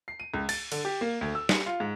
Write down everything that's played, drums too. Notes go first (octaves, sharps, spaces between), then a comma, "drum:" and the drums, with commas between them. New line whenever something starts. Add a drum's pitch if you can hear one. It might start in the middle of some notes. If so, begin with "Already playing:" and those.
C7
D#7
C#2
A6, drum: cymbal
D3, drum: cymbal
G4
A#3
D2
E6
C#7, drum: snare
F4
G#2